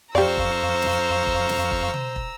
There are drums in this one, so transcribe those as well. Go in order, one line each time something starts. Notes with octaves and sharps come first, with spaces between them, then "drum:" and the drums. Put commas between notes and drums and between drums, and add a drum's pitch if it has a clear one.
F2 G4 C5 D5 F5 A#5 C#6 E6
drum: kick
drum: snare
drum: kick
drum: snare
drum: kick
drum: tom
drum: kick